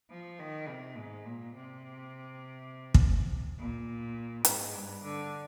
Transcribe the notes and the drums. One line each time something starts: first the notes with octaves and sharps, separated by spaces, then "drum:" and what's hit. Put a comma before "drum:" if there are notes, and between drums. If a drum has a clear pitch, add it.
F3
D#3
C3
G#2
A#2
C3
drum: kick
A#2
G#2, drum: hi-hat
G2
D3